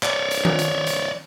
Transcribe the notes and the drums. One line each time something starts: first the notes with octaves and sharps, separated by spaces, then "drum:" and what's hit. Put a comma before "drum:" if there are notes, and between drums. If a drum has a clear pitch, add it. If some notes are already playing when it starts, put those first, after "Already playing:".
C#5 D5, drum: clap
drum: hi-hat
drum: tom D#3
drum: hi-hat
drum: hi-hat